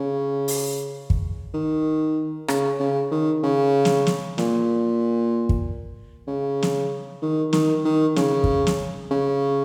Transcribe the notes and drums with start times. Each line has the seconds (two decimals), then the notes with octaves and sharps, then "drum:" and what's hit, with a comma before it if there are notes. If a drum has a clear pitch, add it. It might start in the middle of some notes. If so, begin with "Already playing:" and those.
Already playing: C#3
0.48 drum: open hi-hat
1.10 drum: kick
1.54 D#3
2.48 C#3, drum: rim click
2.79 C#3
3.11 D#3
3.43 C#3
3.85 drum: snare
4.07 drum: snare
4.38 A#2, drum: snare
5.49 drum: kick
6.27 C#3
6.62 drum: snare
7.22 D#3
7.53 D#3, drum: snare
7.85 D#3
8.16 C#3, drum: snare
8.44 drum: kick
8.67 drum: snare
9.11 C#3